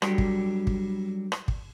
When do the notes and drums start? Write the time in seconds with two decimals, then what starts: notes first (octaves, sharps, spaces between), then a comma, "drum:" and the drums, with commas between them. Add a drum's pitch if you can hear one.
0.02 F#3 G3 D4 G4 A4, drum: rim click
0.18 drum: kick G#1
0.67 drum: kick G#1
1.32 drum: rim click
1.48 drum: kick G#1